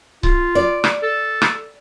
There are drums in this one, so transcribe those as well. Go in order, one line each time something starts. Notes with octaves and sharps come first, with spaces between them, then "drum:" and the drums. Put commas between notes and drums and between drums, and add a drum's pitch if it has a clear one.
F4, drum: kick C#1
D5
drum: rim click
A4
drum: rim click